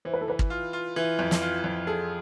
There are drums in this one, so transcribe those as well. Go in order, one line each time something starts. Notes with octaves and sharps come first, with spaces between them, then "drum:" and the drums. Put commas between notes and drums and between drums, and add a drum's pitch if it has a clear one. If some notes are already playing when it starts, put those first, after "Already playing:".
E3 C5
B4
A4
E3 B4
drum: kick
F4
F4
E3
F2
drum: snare
F4
F2
G#4 A4